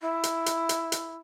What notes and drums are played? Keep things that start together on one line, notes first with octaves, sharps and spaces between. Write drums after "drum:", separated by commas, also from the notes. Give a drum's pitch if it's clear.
E4
drum: hi-hat
drum: hi-hat
drum: hi-hat
drum: hi-hat